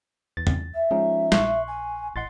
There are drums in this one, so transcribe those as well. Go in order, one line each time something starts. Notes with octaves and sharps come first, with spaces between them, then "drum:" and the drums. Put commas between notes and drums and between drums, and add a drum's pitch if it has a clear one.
E2 A6
drum: tom E2
E5
F3 G#3 C#4 D#4
A#1 C6 C#6 F#6, drum: snare
G#5
A1 D#5 F#5 C6 A6